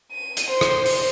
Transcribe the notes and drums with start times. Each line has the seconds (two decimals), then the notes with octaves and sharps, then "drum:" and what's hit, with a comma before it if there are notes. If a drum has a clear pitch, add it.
0.12 D#7
0.37 drum: hi-hat
0.50 C5
0.61 drum: rim click
0.86 drum: open hi-hat